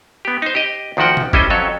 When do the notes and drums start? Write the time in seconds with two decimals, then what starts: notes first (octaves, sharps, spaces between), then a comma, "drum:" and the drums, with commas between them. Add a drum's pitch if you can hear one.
0.25 B3 G4
0.42 D#4 C5
0.55 G4 D#5
0.97 D2 D#3 F3 F#4 F#5 G5
1.17 drum: tom B2
1.33 G3 C#4 E4 A4 C5 D#5, drum: kick G1
1.50 F2 F#3 C#4 A4 C#5